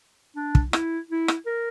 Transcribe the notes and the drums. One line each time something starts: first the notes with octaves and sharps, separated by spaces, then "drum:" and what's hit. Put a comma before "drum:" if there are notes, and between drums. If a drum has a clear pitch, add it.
D4
drum: kick
E4, drum: rim click
E4
drum: rim click
A#4